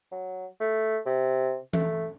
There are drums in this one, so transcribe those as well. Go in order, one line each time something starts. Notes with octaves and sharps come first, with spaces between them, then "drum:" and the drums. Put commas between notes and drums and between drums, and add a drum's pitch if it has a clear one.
F#3
A3
C3
A3, drum: tom E3